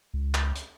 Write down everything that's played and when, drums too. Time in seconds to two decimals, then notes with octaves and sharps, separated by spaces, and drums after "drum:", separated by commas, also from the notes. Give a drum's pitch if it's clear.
0.14 C#2
0.34 drum: clap
0.55 drum: hi-hat